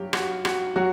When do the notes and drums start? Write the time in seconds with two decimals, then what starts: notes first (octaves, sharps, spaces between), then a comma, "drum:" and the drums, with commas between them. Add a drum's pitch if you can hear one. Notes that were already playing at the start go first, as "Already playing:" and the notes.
Already playing: G2 F#3 G4
0.13 F#4, drum: rim click
0.45 F#4, drum: rim click
0.76 F#3 F#4